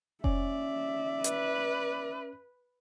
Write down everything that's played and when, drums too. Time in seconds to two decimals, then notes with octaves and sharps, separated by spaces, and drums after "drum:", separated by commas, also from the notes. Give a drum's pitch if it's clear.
0.24 C#4 D5 E5, drum: kick F1
1.24 B4, drum: hi-hat